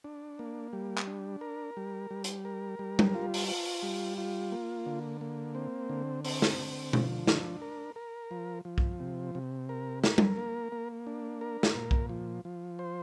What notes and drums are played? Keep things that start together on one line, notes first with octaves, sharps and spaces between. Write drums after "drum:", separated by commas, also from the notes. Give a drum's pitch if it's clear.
D4
A#3
G3
drum: clap
D4
A#4
G3
G3
drum: hi-hat
A#4
G3
drum: tom G3
F4
drum: open hi-hat
F4
G3
F4
A#3
D3
A#3
C4
D3
C4, drum: open hi-hat
drum: snare
D3
F3, drum: tom B2
D4, drum: snare
A#4
A#4
F3
F3
drum: kick B1
C3
C3
A#4
A#4, drum: snare
drum: tom G3
A#3
A#3
D4
A#4
drum: snare
A#2
drum: kick B1
F3
F3
C5